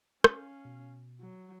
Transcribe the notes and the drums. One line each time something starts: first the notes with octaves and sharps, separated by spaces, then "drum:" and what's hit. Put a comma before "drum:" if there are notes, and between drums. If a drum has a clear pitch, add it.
C#4 F5, drum: rim click
B2
F#3